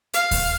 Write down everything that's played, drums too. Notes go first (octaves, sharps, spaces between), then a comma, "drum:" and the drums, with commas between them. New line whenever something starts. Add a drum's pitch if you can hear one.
F5, drum: hi-hat
drum: kick D2, open hi-hat